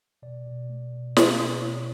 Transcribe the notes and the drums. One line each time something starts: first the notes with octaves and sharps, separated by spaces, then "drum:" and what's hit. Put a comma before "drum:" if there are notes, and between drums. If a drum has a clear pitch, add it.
B2 D5
B2
A3
B2
A3, drum: snare
B2
B2 C#5